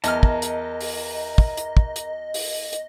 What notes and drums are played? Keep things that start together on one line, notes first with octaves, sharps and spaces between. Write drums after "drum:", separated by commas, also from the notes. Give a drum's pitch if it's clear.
E2 A#4 D#5 A5 F6, drum: hi-hat
drum: kick
drum: hi-hat
drum: open hi-hat
drum: kick
drum: hi-hat
drum: kick
drum: hi-hat
drum: open hi-hat
drum: hi-hat